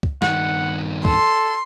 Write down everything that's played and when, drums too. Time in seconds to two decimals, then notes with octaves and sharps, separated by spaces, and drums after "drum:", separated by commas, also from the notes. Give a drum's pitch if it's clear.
0.03 drum: kick
0.22 G2 D#3 F#5, drum: snare
1.05 A4 C6, drum: kick